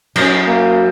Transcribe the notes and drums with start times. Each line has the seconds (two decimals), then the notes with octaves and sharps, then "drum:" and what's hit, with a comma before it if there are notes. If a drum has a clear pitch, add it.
0.16 F#3 C#4, drum: cymbal
0.47 A#3